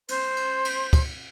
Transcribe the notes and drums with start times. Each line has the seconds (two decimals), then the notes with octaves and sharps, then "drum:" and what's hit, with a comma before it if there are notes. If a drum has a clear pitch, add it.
0.08 C5, drum: cymbal
0.37 drum: cymbal
0.65 drum: cymbal
0.93 drum: kick, cymbal